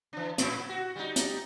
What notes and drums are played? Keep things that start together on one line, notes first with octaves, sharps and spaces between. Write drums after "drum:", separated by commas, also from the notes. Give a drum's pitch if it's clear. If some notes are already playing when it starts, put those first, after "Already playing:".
E3 D4
A2 B3 E4, drum: hi-hat
F#4
G3 D#4
drum: hi-hat